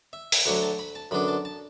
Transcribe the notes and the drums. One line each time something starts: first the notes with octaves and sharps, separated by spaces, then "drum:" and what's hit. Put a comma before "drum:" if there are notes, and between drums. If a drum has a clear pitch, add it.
E5
drum: open hi-hat
D2 D3 F#3 F#5
A5
B5
A5
F#2 D3 B3 D4 B5
A5
A5